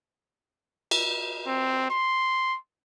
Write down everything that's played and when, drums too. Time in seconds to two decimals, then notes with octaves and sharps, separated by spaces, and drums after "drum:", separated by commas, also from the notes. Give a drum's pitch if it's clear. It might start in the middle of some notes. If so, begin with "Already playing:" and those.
0.91 drum: cymbal
1.47 C4
1.91 C6